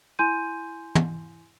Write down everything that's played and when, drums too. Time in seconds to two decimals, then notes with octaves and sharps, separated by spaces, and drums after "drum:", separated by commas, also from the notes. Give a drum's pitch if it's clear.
0.19 E4 G#5 C6 G6 D#7
0.95 drum: tom